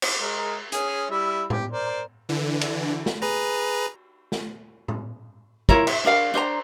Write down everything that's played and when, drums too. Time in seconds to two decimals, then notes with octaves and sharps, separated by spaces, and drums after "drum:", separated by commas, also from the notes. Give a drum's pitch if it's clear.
0.02 drum: cymbal
0.20 G#3 A#4
0.72 C#4 G#4, drum: hi-hat
1.10 G3 E4 E5
1.50 G4, drum: tom A2
1.71 A#4 C5 D5
2.29 D3 E3
2.61 drum: cymbal
3.06 drum: snare
3.22 G#4 B4 A#5
4.32 drum: snare
4.88 drum: tom A2
5.69 E4 F4 A#4 C#5, drum: kick
5.87 E5, drum: cymbal
6.05 D4 A#4 F5
6.34 D4 C5 C#5 A#5